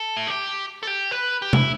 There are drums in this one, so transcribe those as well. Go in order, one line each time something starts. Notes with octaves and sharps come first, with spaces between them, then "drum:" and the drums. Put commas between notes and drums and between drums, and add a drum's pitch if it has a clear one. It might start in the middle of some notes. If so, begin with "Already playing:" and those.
Already playing: A4
E4
G4
A4
G4
B4
G4
E4, drum: tom C3